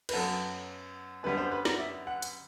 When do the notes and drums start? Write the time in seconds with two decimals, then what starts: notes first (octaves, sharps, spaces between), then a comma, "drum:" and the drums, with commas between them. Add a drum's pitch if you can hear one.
0.09 B4, drum: cymbal
0.13 F#2 F#3 B3 A4
1.23 F#2 D3 G3 B3 B4
1.38 C5
1.52 B4
1.65 D5, drum: snare
1.79 E5
2.07 F#5
2.22 drum: hi-hat